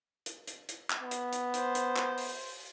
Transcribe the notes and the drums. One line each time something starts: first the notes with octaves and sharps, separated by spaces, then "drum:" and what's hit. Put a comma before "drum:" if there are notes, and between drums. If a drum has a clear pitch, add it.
drum: hi-hat
drum: hi-hat
drum: hi-hat
drum: clap
B3
drum: hi-hat
drum: hi-hat
C5, drum: hi-hat
drum: hi-hat
drum: clap
drum: open hi-hat